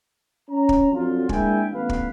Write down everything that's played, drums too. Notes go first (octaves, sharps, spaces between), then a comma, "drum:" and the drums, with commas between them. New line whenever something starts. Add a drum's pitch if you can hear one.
C#4 A#5
drum: kick
F2 D3 F#3 F4
G#3 A#3 D4 E4 G5 G#5, drum: kick
A1 G2 B3 B4 F5
drum: kick